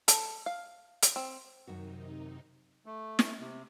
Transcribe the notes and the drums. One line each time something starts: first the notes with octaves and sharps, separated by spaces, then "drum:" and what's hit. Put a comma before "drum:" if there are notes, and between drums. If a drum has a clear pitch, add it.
A4, drum: hi-hat
F5
drum: hi-hat
C4
F#2 C3 D#3 D#4 F#4
A3
drum: snare
C3